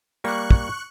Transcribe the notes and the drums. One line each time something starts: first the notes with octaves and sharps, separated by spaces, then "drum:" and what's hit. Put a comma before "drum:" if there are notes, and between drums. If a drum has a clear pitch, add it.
G3 A#3 C#6 F#6
drum: kick